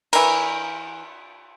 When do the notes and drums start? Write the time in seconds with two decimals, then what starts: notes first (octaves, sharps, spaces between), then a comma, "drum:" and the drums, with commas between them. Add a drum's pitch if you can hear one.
0.13 E3 A#4, drum: cymbal